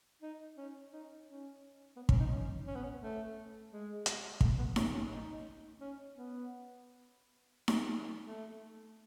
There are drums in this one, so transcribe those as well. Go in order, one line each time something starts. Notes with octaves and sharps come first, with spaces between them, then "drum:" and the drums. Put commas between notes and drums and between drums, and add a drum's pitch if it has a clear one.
D#4
C#4
D#4
C#4
B3
C#4, drum: kick
D#4
C#4
C#4
B3
C#4
A3
G#3
drum: hi-hat
A3, drum: kick
B3
C#4, drum: snare D#4
C#4
D#4
C#4
B3
drum: snare D#4
A3